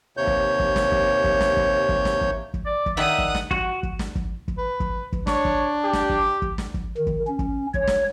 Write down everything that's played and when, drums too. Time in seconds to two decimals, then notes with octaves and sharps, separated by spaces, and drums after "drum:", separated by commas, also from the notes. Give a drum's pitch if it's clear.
0.17 D#2 C3 C#5 G6
0.27 drum: kick
0.60 drum: kick
0.76 drum: snare
0.92 drum: kick
1.24 drum: kick
1.41 drum: snare
1.57 drum: kick
1.89 drum: kick
2.05 drum: snare
2.21 drum: kick
2.54 drum: kick
2.66 D5
2.86 drum: kick
2.97 D#3 D5 E5 F#5 G5 D#6
3.18 drum: kick
3.35 drum: snare
3.51 F#4, drum: kick
3.83 drum: kick
3.99 drum: snare
4.15 drum: kick
4.48 drum: kick
4.58 B4
4.80 drum: kick
5.12 drum: kick
5.27 D4 C#5, drum: snare
5.45 drum: kick
5.84 G4
5.93 drum: snare
6.10 drum: kick
6.42 drum: kick
6.58 drum: snare
6.74 drum: kick
6.97 D#3
7.07 drum: kick
7.28 C#4
7.39 drum: kick
7.74 C#5, drum: kick
7.87 drum: snare